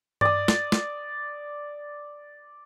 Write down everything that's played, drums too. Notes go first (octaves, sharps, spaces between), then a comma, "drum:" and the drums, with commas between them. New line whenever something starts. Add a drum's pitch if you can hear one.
D5 D#6, drum: tom G2
drum: snare
drum: snare